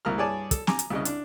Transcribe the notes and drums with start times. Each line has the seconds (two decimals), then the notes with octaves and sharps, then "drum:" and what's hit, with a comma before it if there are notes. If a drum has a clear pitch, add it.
0.05 C2 A#3 A#5 F6
0.18 G2 G#4 C#5 D5 G#5 A5
0.51 A4, drum: kick, hi-hat
0.67 G#5 A#5 D6, drum: snare
0.79 drum: hi-hat
0.90 C2 C#3 D#5
1.05 D4, drum: hi-hat